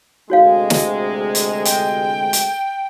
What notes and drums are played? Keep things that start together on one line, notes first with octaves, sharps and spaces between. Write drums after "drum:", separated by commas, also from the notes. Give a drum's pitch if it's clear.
D2 C3 G#3 F#4 C#5 F5
drum: snare
drum: hi-hat
G5, drum: hi-hat
drum: hi-hat